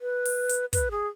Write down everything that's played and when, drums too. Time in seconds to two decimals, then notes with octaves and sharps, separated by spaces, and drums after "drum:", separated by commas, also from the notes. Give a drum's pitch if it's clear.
0.01 B4
0.25 drum: open hi-hat
0.49 drum: hi-hat
0.73 B4, drum: kick, hi-hat
0.91 G#4